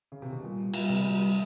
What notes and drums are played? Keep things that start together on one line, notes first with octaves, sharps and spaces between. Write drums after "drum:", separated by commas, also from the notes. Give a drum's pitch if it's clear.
C#3
C3
B2
A#2 G3
G3, drum: cymbal
C3
G3